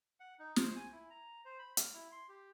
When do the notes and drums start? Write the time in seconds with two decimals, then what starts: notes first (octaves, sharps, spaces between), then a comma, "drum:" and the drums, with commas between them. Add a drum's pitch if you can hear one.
0.20 F#5
0.39 D#4
0.56 C5, drum: snare
0.76 G#5
0.92 E4
1.10 A#5
1.45 C5
1.59 B5
1.77 F6, drum: hi-hat
1.94 E4
2.12 C6
2.29 G4